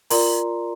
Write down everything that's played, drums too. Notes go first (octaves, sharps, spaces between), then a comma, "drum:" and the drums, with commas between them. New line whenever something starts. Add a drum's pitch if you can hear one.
F4 A#4 D5 A#5 C6, drum: open hi-hat